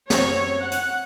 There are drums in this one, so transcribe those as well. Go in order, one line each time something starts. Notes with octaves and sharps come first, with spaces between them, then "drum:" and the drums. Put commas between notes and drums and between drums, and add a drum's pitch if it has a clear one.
F#2 C4 C#5, drum: snare
F#5
drum: hi-hat